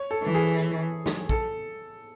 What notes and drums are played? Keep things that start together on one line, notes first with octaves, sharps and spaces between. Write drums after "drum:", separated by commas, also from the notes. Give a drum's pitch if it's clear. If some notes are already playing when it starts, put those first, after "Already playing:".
Already playing: C#5
A4
E3
G#4
drum: hi-hat
drum: snare
A4, drum: kick